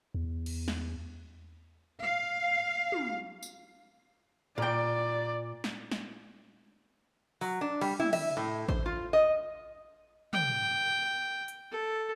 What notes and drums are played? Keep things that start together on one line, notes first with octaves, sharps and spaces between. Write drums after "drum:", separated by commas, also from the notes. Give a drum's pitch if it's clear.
E2
drum: cymbal
drum: snare
F5
drum: tom
drum: tambourine
A#2 D5 G5
drum: snare
drum: snare
F#3, drum: open hi-hat
D4
G3, drum: cymbal
E4, drum: tom
E5, drum: cymbal
A2
C5, drum: kick A1
F4
D#5
G5, drum: tom
drum: hi-hat
A4